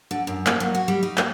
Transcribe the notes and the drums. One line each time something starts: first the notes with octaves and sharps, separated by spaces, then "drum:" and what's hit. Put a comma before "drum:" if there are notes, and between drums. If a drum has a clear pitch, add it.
D3
F#2
A#3, drum: clap
F#3
F#4
G3
D#4
A#3, drum: clap